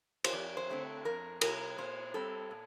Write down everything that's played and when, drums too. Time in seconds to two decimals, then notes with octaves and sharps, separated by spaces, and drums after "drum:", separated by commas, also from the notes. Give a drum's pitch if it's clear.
0.24 C5, drum: cymbal
0.33 F2 D5
0.57 C5
0.69 D3 A3 C4
1.05 F2 A#4
1.41 C3 G3 C4 A#4, drum: cymbal
1.78 A#2 C5
2.14 G3 C4 A4
2.51 A#2